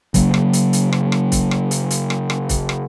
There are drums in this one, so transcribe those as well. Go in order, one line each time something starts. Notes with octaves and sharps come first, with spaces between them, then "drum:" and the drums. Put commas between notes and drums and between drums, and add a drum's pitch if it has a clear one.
C#3 F#3 A#3, drum: kick, hi-hat
drum: rim click
drum: hi-hat
drum: hi-hat
drum: rim click
drum: rim click
drum: kick, hi-hat
drum: rim click
drum: hi-hat
drum: hi-hat
drum: rim click
drum: rim click
drum: kick, hi-hat
drum: rim click